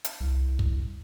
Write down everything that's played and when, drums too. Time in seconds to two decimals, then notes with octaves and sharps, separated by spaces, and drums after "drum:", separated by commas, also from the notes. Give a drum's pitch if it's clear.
0.04 drum: hi-hat
0.20 C2
0.59 drum: kick